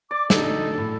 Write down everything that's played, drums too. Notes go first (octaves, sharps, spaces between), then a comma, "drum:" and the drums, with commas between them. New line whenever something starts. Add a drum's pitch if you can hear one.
D5 D6
D1 D3 D#4 A4, drum: snare
A2